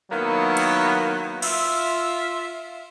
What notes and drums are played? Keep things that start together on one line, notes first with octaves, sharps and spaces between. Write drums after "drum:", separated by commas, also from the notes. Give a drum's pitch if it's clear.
D#3 F#3 A#3 B3 E4
drum: cymbal
F4 E5, drum: cymbal